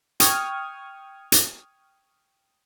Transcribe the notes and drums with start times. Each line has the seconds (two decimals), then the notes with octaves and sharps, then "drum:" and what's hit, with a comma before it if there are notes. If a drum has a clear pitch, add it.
0.20 G5 C#6 D#6 F6 G#6, drum: hi-hat
1.32 drum: hi-hat